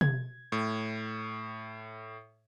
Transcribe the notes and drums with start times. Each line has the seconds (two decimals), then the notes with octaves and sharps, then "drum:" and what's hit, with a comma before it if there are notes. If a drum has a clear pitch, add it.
0.01 G#6, drum: tom
0.52 A2